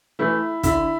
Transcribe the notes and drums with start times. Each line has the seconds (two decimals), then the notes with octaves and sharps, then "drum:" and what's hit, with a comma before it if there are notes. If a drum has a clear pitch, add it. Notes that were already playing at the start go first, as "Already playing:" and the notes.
0.19 E3 A3 E4
0.63 D3 E4, drum: kick, hi-hat